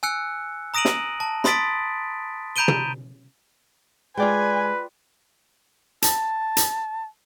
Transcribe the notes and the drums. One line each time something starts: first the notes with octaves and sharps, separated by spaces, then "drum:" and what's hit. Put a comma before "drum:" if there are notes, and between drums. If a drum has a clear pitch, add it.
G#5 E6 F#6 C#7
A#5 D#6 A#6 D7 D#7 F#7
drum: snare
A5
B5 C6 D#6 A6 B6 D7, drum: snare
A#5 B5 G6 D7 D#7 G7
drum: tom
G#3 F4 B4 D5 G5 G#5
A5, drum: hi-hat
drum: hi-hat